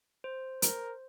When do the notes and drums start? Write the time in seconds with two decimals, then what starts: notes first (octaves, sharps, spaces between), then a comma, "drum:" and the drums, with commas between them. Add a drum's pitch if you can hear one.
0.24 C5
0.62 A#4, drum: hi-hat